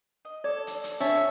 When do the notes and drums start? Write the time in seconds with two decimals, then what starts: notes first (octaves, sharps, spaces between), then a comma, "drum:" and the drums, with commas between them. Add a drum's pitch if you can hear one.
0.25 D#5
0.44 A4 D5 D6
0.67 drum: hi-hat
0.84 drum: hi-hat
1.00 D4 C#5 E5 A5, drum: hi-hat